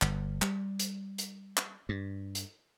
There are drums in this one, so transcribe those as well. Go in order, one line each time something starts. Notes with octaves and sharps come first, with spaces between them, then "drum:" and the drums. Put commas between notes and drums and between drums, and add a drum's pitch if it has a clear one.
G1, drum: clap
G3, drum: clap
drum: hi-hat
drum: hi-hat
drum: clap
G2
drum: hi-hat